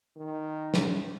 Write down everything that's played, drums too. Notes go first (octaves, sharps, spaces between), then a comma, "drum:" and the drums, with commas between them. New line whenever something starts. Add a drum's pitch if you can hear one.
D#3
drum: snare